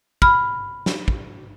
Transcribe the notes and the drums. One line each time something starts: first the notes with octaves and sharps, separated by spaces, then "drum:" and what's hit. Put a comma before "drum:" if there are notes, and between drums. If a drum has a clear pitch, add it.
B5 F6, drum: kick
drum: snare
drum: kick